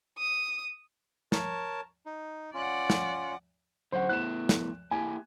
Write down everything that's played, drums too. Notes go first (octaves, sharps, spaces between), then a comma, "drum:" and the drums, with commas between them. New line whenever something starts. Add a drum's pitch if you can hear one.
D#6
A#4 C#5 A5, drum: snare
D#4
C#4 F4 D5 F#5
drum: snare
D3 F#3 C#4 C5 F#5
A3 B3 E4 F#6 E7
drum: snare
A#3 E4 G4 G#5